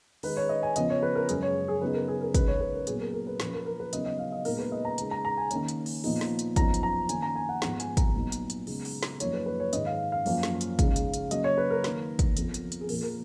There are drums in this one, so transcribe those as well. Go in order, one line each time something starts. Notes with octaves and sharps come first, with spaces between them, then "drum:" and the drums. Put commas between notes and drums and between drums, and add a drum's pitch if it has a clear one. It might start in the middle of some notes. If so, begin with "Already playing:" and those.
D#3 G#3 D#4 B4, drum: open hi-hat
C#5
D#5
G#5
C#3 F3 B3 D#5, drum: hi-hat
C#5
B4
A#4
F#2 C#3 G#3 G#4, drum: hi-hat
C#5
G#4
C#3 F#3 B3 D#4 B4
A#4
G#4
A#4
C#3 G#3 D#4 B4, drum: kick, hi-hat
C#5
B4
A#4
A#2 F#3 B3 G#4, drum: hi-hat
A#4
A#4
B4
A#2 F3 A#3 C#4 B4, drum: snare
A#4
A#4
B4
C#3 F#3 B3 D#4 D#5, drum: hi-hat
D#5
F5
D#5
A#2 G#3 B3 D#4 A#4, drum: open hi-hat
B4
D#5
A#5
C#3 G#3 D#4, drum: hi-hat
A#5
A#5
G#5
D#3 A#3 C#4, drum: hi-hat
drum: hi-hat
drum: open hi-hat
A#2 F3 B3 D#4, drum: open hi-hat
drum: snare
drum: hi-hat
F#2 F3 B3 D#4 A#5, drum: kick, hi-hat
drum: hi-hat
A#5
D#3 A#3 C#4 G#5, drum: hi-hat
A#5
G#5
F#5
G#2 F3 G#3 B3 F#5, drum: snare
G#5, drum: hi-hat
A#5, drum: kick, hi-hat
A#2 F#3 B3 D#4
drum: hi-hat
drum: hi-hat
C#3 G#3 B3 D#4, drum: open hi-hat
drum: open hi-hat
drum: snare
F#2 F3 A#3 D#4 C#5, drum: hi-hat
B4
B4
C#5
G#2 D#3 G#3 D#5, drum: hi-hat
F5
F5
F#2 F3 A#3 C#4, drum: open hi-hat
drum: snare
drum: hi-hat
C#3 G#3 D#4, drum: kick, hi-hat
drum: hi-hat
drum: hi-hat
C#3 F#3 A#3 C#4 D#5, drum: hi-hat
C#5
B4
A#4
D#3 A#3 D#4, drum: snare
drum: kick, hi-hat
F2 F3 B3, drum: hi-hat
drum: hi-hat
drum: hi-hat
G#4
A#2 F3 A#3 A#4, drum: open hi-hat
A#4